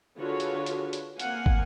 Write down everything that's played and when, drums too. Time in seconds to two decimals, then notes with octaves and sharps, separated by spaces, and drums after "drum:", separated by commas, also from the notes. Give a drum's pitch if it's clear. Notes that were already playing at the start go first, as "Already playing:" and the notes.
0.17 D3 F4 F#4 G#4 B4 C#5
0.40 drum: hi-hat
0.66 drum: hi-hat
0.93 drum: hi-hat
1.19 A#3 C4 F5 F#5 G#5, drum: hi-hat
1.46 drum: kick